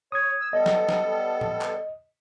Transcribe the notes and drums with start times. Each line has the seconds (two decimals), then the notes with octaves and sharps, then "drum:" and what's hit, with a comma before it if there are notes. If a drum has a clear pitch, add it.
0.12 C#5 D#6 G#6
0.40 E6
0.53 G3 B3 A4 D#5
0.66 drum: snare
0.89 drum: snare
1.41 drum: tom A2
1.61 drum: clap